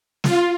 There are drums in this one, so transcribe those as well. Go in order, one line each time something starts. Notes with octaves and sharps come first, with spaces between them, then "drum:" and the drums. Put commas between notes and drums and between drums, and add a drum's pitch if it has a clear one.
F4, drum: snare